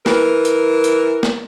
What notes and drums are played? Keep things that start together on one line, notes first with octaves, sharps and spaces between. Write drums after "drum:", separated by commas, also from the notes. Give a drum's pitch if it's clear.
E3 A#4, drum: snare
drum: hi-hat
drum: hi-hat
drum: snare